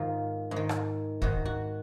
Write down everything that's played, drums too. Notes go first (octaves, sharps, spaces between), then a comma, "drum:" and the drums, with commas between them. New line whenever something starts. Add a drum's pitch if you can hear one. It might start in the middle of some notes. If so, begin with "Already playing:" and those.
Already playing: G#2 D#3 F4
G#2
D#3
drum: rim click
G#2 D#3 F#4, drum: kick
F#4